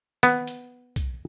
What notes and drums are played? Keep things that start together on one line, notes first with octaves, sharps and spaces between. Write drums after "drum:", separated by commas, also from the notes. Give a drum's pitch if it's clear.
B3, drum: snare
drum: hi-hat
drum: kick, hi-hat